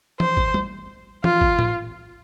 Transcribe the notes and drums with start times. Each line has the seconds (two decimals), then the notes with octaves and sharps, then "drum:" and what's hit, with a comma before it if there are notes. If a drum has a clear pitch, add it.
0.20 C5, drum: tom E3
0.37 drum: kick
0.54 drum: tom
1.24 F4, drum: tom E3
1.41 drum: kick
1.59 drum: tom